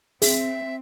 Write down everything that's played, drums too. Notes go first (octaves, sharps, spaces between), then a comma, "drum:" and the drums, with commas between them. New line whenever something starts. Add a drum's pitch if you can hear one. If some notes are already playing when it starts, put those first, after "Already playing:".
C4 G#4 E5, drum: open hi-hat